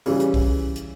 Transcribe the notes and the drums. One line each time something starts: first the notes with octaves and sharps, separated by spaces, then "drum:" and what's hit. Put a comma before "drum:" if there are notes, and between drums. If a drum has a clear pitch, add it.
C#3 E3 G3, drum: open hi-hat
drum: hi-hat
drum: kick, open hi-hat
drum: hi-hat